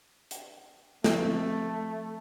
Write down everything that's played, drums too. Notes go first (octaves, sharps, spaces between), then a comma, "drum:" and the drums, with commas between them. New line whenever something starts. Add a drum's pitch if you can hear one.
drum: hi-hat
F3 A3 C4, drum: snare